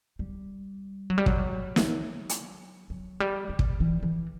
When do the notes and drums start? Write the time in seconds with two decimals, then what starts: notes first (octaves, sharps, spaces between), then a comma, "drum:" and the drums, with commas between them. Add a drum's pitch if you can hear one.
0.19 G3
1.10 F#3
1.18 G3
1.26 F#3, drum: kick
1.76 drum: snare
2.29 drum: hi-hat
2.90 F#3
3.20 G3
3.49 G3
3.59 drum: kick
3.80 E3
4.03 E3